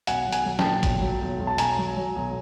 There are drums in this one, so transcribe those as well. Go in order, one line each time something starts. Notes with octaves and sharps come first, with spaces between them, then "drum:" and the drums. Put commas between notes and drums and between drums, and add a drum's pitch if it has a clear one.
B1 F#5 G#5, drum: hi-hat
B1
F#5 G#5, drum: hi-hat
F#3
G5 A5, drum: snare
A#2
B1, drum: kick, hi-hat
F#3
B1
B1
A5
B1 G#5 A#5, drum: hi-hat
F#3
F#3
B1